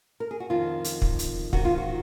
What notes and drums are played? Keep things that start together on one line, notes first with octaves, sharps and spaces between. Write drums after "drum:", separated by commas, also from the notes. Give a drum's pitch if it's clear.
A#4
G#4
F#4
F2 D#3 F4
drum: hi-hat
drum: kick
drum: hi-hat
G#2 D#3 F#4, drum: kick
F4
F#4